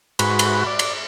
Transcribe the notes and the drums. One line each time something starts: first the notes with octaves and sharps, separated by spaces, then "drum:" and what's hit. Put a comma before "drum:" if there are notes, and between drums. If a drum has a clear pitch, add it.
G#2 F#4 B4, drum: cymbal
drum: cymbal
D5
drum: cymbal